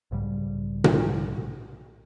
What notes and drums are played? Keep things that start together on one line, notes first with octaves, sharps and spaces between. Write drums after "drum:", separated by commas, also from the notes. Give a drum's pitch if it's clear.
B1 G#2 C#3 G3
drum: tom A#2